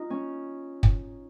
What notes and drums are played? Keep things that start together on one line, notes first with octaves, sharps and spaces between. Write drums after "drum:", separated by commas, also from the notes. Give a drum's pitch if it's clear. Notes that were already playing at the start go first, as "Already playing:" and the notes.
Already playing: D#4 F4
C#4
drum: kick